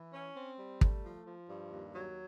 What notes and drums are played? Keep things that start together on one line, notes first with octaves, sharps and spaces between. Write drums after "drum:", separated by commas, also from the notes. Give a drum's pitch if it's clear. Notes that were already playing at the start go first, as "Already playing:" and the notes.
Already playing: E3
C#4
C4
G3
A3, drum: kick
F3
F3
G2
D#2
F#3